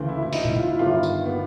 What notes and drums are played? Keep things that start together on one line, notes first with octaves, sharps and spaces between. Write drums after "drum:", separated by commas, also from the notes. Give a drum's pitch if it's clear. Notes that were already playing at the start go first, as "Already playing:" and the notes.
Already playing: D2 C#3 E3
E4
E4
D#4, drum: open hi-hat
E4, drum: tom
F4
E4
G1 G2 D#3 F4
drum: tambourine
B3